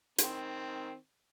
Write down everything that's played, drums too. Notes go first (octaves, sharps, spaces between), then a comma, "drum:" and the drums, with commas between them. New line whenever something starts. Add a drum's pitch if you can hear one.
D#3 C4, drum: hi-hat